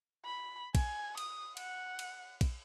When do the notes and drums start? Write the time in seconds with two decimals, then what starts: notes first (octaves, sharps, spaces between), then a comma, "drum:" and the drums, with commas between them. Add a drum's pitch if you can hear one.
0.25 B5
0.75 G#5, drum: kick, cymbal
1.17 D#6, drum: cymbal
1.57 F#5, drum: cymbal
1.99 drum: cymbal
2.41 drum: kick, cymbal